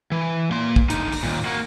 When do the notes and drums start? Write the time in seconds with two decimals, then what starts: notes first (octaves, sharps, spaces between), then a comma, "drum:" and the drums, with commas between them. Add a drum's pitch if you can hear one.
0.12 E3
0.51 A#3 C6
0.76 drum: kick
0.90 D3 D#4, drum: hi-hat
1.12 drum: open hi-hat
1.23 D#2 A#2
1.45 A#3 F#4